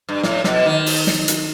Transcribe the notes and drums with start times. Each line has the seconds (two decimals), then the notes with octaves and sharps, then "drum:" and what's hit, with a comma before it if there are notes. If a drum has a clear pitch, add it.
0.09 G2
0.23 A2, drum: snare
0.44 B2, drum: snare
0.66 D#3
0.86 drum: open hi-hat
1.07 drum: snare
1.28 drum: hi-hat